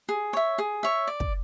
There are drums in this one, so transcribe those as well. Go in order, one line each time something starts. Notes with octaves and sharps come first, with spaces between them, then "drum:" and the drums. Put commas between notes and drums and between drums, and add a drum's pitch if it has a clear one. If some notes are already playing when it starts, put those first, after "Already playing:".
G#4
C#5 E5
G#4
C#5 E5
D5
drum: kick